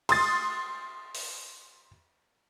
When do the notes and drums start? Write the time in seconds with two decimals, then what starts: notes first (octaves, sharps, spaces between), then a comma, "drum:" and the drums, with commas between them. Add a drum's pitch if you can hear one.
0.09 C6 D#6 A6, drum: cymbal
1.15 drum: open hi-hat